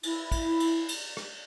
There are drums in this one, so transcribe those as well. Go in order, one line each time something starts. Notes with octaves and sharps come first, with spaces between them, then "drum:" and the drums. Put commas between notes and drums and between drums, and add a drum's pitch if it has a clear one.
E4, drum: cymbal
drum: kick, cymbal
drum: cymbal
drum: cymbal
drum: rim click